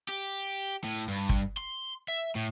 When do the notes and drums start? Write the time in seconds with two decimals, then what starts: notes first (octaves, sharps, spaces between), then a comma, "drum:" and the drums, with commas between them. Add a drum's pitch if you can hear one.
0.09 G4
0.84 A2
1.08 G2
1.29 drum: kick
1.57 C6
2.08 E5
2.35 A2